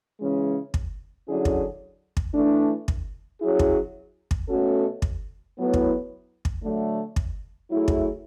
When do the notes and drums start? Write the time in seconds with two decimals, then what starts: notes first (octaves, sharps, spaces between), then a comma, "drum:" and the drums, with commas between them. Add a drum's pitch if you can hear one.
0.20 C#3 E3 G#3 C#4
0.74 drum: kick
1.27 D3 F#3 C#4 E4 G#4
1.45 drum: kick
2.17 drum: kick
2.34 E3 A3 D4
2.88 drum: kick
3.41 F#3 C#4 E4 G#4
3.59 drum: kick
4.31 drum: kick
4.48 B2 A3 C#4 F#4 A4
5.02 drum: kick
5.56 A2 F#3 B3 E4
5.74 drum: kick
6.45 drum: kick
6.63 D3 F#3 A3
7.16 drum: kick
7.69 F#3 A3 E4 G#4
7.88 drum: kick